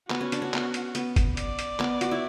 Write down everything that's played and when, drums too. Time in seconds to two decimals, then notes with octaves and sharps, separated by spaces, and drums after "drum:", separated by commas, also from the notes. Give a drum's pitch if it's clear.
0.10 B3 F#4, drum: clap
0.21 C#4
0.32 D4, drum: hi-hat
0.42 C#4
0.54 B3, drum: clap
0.74 drum: hi-hat
0.95 B3, drum: hi-hat
1.16 drum: kick, hi-hat
1.37 D5, drum: hi-hat
1.59 drum: hi-hat
1.80 B3, drum: clap
2.01 F#4, drum: hi-hat
2.11 E4